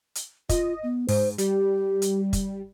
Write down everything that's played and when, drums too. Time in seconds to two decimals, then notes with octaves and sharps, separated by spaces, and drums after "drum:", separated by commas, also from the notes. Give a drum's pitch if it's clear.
0.15 drum: hi-hat
0.49 F4 D#5, drum: kick, hi-hat
0.83 B3
1.09 G#2 C5, drum: open hi-hat
1.38 G3 G4, drum: hi-hat
2.02 drum: hi-hat
2.33 drum: kick, hi-hat